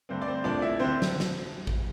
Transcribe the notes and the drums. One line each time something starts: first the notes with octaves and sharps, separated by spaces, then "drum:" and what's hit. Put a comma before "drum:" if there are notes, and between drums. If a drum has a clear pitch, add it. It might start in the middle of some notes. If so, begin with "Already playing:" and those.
G2 D3 A3 C4 C5
D5
C4 C5
A#1 A#2 A3 C4 D4 D5
E4 E5
D3 C4 C5
drum: snare
drum: snare
drum: kick